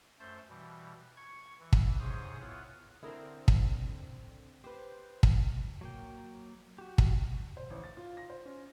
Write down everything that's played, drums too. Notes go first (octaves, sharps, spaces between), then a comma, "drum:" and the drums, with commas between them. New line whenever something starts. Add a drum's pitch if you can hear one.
F#2 A3 C5 A5 G6
B2 E3 G3
C#6 G#6
E3
drum: kick
G#2 C3 G#4 C5 C#5 D#6
B3 E4 F4 C#5 F#5
D3 C4 E4 G#4 A#4
drum: kick
G4 B4 C5
drum: kick
F#3 A#3 G5
F#4 G4
drum: kick
C5
A1
A6
F4
A#6
C5
C#4